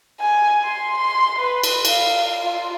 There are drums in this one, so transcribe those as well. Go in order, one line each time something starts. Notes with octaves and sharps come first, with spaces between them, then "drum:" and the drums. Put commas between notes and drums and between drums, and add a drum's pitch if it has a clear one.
G#5
C6
C6
B4
drum: cymbal
F5, drum: cymbal
F4